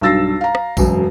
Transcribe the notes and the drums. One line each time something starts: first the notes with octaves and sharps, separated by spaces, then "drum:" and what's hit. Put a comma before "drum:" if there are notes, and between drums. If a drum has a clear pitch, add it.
B1 G2 E6 A6 A#6 C7
F5 A#5
drum: rim click
E1 F#2, drum: kick A#1, tambourine